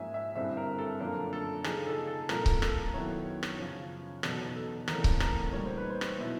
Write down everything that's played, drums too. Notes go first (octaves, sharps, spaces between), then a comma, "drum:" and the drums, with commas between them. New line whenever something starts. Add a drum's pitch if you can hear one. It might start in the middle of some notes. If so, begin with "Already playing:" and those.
Already playing: G#2 F3 A#3 C#4 E5 G#5
E5
G2 D3 G3 C4 E4 E5
A#4
A4
F#2 D3 F3 A#3 D4 A#4
A4
C#3 F3 A#3 D#4 G#4, drum: rim click
A4
A4
C2 A#2 F3 A#4, drum: rim click
drum: kick C#1
A4, drum: rim click
F#2 D#3 F#3 B3 E4 C#5
drum: rim click
F#2 C#3 F3
E2 B2 F#3 B3 D#4 A4, drum: rim click
A4
E2 C#3 E3 A3 C4 A#4, drum: rim click
drum: kick C#1
A#4, drum: rim click
A#2 G3 A#3 D#4 C#5
C5
B4
C5
drum: rim click
B2 F#3 B3 E4